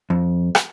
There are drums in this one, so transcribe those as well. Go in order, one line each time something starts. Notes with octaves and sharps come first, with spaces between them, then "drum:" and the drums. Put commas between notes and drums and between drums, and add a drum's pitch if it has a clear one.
F2
drum: rim click